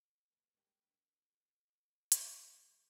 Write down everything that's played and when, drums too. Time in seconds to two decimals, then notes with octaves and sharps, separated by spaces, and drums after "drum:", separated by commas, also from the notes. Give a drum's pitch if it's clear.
0.30 C3 G#3 B3
0.52 G3 G#3 A#3 D4 E4 F#4
0.82 A#2 B4
1.40 B4 F5 A5
2.12 G#4 C#5 D5 E5 G5, drum: hi-hat
2.50 C#3 F3 A3 G#4 D5